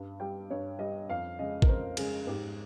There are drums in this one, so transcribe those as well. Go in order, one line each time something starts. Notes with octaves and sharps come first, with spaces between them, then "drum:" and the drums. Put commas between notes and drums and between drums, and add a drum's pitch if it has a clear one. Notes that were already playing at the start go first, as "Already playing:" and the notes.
Already playing: G2
G3 G5
G2 C#5
G3 D#5
F2 F5
C#3 G#3 D#5
A#4, drum: kick A1
F2 C5
C#3 G#3 G#4, drum: cymbal
G#2 G4